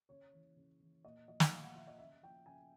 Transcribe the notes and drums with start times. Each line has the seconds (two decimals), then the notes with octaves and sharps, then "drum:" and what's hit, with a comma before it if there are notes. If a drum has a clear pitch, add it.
0.09 C#3 C#5
0.33 E3
0.56 C#3
0.81 E3
1.04 A#2 D#5
1.28 F3 D#5
1.40 drum: snare
1.51 A#2 F5
1.63 F#5
1.75 F3 E5
1.87 D#5
1.98 C#3 E5
2.23 F3 G5
2.46 C#3 G#5